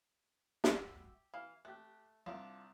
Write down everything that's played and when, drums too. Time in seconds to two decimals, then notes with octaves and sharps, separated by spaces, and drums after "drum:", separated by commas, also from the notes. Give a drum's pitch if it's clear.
0.64 F#4 G4 E5 E6, drum: snare
1.34 E3 F5
1.65 A3 G4 F#6
2.26 C2 D4 F4